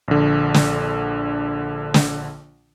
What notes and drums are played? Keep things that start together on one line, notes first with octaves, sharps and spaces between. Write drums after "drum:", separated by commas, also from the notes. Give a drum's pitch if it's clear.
A#1 D3
drum: snare
drum: snare